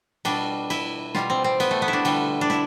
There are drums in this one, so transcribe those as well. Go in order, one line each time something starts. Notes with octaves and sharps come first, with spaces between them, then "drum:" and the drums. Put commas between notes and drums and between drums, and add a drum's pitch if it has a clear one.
B2 G3 D4, drum: cymbal
E4, drum: cymbal
B2 G3 F4, drum: snare
C4
C4
B3, drum: cymbal
A3
B3
E4
D4
D3 G3, drum: cymbal
D4
E4, drum: snare